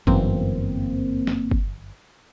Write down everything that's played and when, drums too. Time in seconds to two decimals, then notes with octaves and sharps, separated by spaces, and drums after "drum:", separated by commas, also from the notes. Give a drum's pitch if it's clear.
0.07 G1 F#2 E3 A#3 C4, drum: kick
1.27 drum: snare
1.51 drum: kick